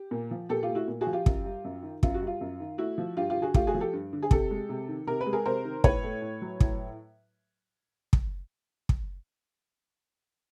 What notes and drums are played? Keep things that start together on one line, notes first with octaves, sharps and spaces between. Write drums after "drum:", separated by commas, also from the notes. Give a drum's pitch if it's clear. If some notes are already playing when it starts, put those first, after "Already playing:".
Already playing: G4
A#2
F3
A#2 G4 A4
F4 G4
A3
E4 F#4
A#2
F#4 G#4
F3
F4 G4
F#2, drum: kick
G3
F#2
D#3
F#2 F4, drum: kick
F#4
G3
F4
F#2
D#3
A3 E4 F#4
F3
G2 F4 G4
F4 G4
D3
F#4 G#4
A3 F4 G4, drum: kick
F#4 G#4
F3
G4 A4
G2
D3
G#4
C3 G4 A4, drum: kick
G#3
C3
D#3
C3 A#4
B4
G#3
G#4 A#4
C3 A#4 C5
D#3
A2 B4 C#5, drum: kick
A3
A2
F#3
A2, drum: kick
drum: kick
drum: kick